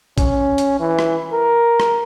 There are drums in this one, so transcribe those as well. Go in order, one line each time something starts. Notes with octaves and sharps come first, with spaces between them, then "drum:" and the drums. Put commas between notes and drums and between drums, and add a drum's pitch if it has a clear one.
C#4, drum: kick A#1, hi-hat
drum: hi-hat
E3
drum: rim click
A#4
drum: rim click